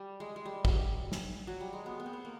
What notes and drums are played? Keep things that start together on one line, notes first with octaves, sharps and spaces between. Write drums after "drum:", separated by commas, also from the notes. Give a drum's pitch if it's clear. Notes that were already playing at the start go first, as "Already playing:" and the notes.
Already playing: G3
G#3
G#3
G3
F#3, drum: kick
G3
drum: snare
F#3
G3
G#3
B3
B3
C4
B3
A#3